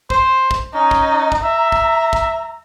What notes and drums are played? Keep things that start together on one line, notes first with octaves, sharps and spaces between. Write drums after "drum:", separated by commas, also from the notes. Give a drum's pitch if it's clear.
C5, drum: kick
drum: kick
C#4 D#4
drum: kick
drum: kick
E5 A#5
drum: kick
drum: kick